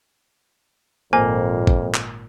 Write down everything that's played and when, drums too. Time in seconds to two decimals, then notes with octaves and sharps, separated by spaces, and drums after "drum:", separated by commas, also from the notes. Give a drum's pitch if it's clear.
1.13 G#1 F2 A#2 A#3 C5 G#5
1.67 drum: kick
1.95 drum: clap